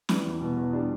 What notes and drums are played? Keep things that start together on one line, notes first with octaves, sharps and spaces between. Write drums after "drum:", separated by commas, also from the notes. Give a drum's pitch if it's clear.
E3 G3 E4, drum: snare
E2
B2
E2
G3 D4